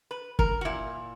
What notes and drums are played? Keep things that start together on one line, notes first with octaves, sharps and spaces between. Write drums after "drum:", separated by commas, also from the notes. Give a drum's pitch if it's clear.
B4
A#4, drum: kick
F#4
A#2 E4